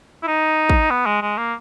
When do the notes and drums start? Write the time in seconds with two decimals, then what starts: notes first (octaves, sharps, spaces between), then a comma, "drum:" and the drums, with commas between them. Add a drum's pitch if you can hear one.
0.23 E4
0.27 D#4
0.70 drum: kick
0.91 B3
1.06 G#3
1.22 G#3
1.38 A#3